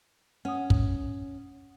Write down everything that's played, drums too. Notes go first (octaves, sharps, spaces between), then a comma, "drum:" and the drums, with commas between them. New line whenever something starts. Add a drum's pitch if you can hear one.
C#4 F#5 D#6
drum: kick